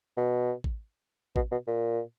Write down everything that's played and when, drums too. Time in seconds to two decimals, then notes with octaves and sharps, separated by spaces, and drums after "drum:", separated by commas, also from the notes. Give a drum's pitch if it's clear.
0.17 B2
0.64 drum: kick A1
1.36 B2, drum: kick A1
1.52 B2
1.67 A#2